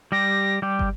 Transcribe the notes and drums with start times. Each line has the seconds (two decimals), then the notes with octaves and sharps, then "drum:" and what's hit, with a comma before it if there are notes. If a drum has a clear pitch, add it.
0.12 G3 G4 A#6
0.62 G3 G4
0.79 drum: kick